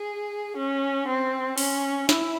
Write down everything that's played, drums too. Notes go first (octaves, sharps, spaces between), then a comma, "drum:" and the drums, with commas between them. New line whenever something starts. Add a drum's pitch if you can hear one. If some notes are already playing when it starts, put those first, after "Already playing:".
Already playing: G#4
C#4
C4
C#4, drum: open hi-hat
E4, drum: snare